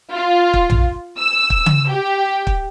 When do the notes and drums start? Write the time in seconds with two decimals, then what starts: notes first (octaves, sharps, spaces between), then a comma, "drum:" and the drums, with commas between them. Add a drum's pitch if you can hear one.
0.12 F4
0.54 drum: kick
0.70 drum: tom A#1
1.18 E6
1.50 drum: kick
1.66 drum: tom C#3
1.87 G4
2.47 drum: kick